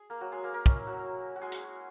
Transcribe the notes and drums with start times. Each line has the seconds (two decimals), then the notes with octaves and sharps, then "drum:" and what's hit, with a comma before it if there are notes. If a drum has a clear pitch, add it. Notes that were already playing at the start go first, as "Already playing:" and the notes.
Already playing: G#4
0.10 A#3 A#4
0.21 F#3 F#4
0.32 G#3 G#4
0.43 A#3 A#4
0.54 A#3 A#4
0.66 C#4, drum: kick
0.76 E4
0.87 F#3 F#4
1.36 F#4
1.41 G#3 G#4
1.52 drum: hi-hat